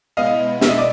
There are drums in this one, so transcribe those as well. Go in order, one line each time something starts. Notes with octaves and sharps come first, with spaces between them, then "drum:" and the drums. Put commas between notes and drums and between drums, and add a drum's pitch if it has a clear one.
B2 G#3 B3 E4 D#5 F5
E5, drum: snare
D#5
D5